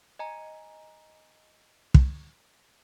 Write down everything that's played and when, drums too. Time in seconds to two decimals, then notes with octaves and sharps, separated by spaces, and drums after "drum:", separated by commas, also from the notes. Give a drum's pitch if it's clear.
0.19 D#5 G#5 A#5
1.94 drum: kick